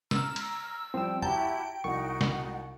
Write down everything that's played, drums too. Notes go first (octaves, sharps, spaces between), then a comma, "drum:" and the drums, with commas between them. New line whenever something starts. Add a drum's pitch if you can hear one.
A#5 E6 F6, drum: snare
drum: cymbal
F3 G3 C4 G5 E6
E4 F#4 G4 G5 A5 A#5, drum: tom E2
C2 D#4 F#4 F#5 C#6
drum: snare